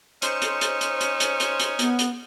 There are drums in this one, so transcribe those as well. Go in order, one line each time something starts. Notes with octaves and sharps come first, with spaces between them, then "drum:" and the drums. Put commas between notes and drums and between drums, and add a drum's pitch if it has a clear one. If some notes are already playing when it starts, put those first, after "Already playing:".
C#4 D#4 C5 C#7 E7, drum: hi-hat
drum: hi-hat
drum: hi-hat
drum: hi-hat
drum: hi-hat
drum: hi-hat
drum: hi-hat
drum: hi-hat
B3, drum: hi-hat
drum: hi-hat